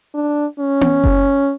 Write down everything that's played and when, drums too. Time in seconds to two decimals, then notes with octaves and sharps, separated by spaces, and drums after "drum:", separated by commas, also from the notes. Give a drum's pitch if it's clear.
0.14 D4
0.59 C#4
0.81 drum: tom B3
1.04 drum: kick F#1